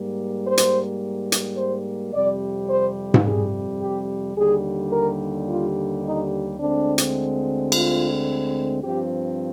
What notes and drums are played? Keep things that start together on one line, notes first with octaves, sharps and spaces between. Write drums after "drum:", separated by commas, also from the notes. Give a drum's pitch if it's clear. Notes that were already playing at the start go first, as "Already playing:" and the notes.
Already playing: G#2 G3 A#3
C5
drum: hi-hat
drum: hi-hat
C5
F2 C3 G3 D5
C5
drum: tom G#2
G#4
G4
D#2 D3 G3 G#4
A#4
F4
D#4
D2 D3 G#3 C4 D4
drum: hi-hat
F4, drum: cymbal
G2 F3 C4 G4